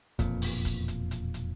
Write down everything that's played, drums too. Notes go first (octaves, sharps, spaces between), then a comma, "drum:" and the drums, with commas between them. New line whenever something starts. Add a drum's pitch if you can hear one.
E1 F2 A#2, drum: kick, hi-hat
drum: open hi-hat
drum: kick, hi-hat
drum: hi-hat
drum: hi-hat
drum: hi-hat